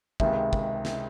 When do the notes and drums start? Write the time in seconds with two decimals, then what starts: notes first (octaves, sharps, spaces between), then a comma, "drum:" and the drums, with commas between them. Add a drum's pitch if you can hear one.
0.20 C#2 C3 D#3 G#3 E5, drum: kick
0.53 drum: kick
0.85 drum: snare